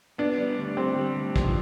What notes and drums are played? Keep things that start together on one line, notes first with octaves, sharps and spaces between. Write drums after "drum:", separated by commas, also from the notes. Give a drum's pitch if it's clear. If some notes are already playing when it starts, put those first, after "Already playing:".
B3 D4
G3
D2
G3 C4
G3
D2
F3, drum: kick